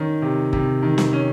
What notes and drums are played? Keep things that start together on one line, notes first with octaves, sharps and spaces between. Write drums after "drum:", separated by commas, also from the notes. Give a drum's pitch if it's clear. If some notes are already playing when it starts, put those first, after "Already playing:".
Already playing: D#3 C#4
C3
C3, drum: kick F#1
D#3
drum: snare
C#4